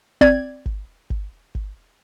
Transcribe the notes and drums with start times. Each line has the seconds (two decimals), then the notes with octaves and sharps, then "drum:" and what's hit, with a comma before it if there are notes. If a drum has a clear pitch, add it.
0.21 C4 D5 G#6, drum: kick G#1
0.66 drum: kick G#1
1.10 drum: kick G#1
1.55 drum: kick G#1